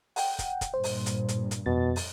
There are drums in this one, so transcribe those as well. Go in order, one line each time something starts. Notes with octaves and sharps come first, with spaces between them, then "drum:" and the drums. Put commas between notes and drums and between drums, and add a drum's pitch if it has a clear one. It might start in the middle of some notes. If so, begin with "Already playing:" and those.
F#5 G5, drum: open hi-hat
drum: kick, hi-hat
drum: kick, hi-hat
G2 A#2 C5
drum: open hi-hat
drum: hi-hat
drum: hi-hat
drum: hi-hat
F2 B2 A6
drum: open hi-hat